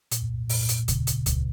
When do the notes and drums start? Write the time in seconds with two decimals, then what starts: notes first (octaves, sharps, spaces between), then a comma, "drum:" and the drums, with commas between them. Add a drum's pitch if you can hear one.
0.12 A#2, drum: hi-hat
0.49 A#2, drum: open hi-hat
0.69 drum: hi-hat
0.88 C#3, drum: kick D#2, hi-hat
1.07 drum: hi-hat
1.26 C#2, drum: kick D#2, hi-hat